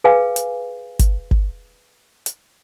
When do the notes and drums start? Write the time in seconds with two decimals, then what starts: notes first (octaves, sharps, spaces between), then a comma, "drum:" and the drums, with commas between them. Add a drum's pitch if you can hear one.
0.04 G#4 B4 F5 G#5
0.36 drum: hi-hat
0.99 drum: kick G1, hi-hat
1.31 drum: kick G1
2.26 drum: hi-hat